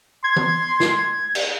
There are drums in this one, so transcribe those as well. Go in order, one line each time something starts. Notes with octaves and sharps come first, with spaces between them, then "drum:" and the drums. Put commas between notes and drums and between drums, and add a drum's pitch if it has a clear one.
C6 G#6
drum: tom E3
drum: snare
drum: cymbal